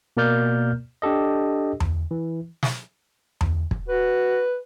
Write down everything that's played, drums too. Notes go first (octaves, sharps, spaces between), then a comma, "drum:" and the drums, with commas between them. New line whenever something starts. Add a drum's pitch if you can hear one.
B2 A#3 A#4 D5 F6 G6
D4 G4 A4 D#5
drum: tom E2
E3
drum: snare
drum: tom E2
drum: kick
F#4 B4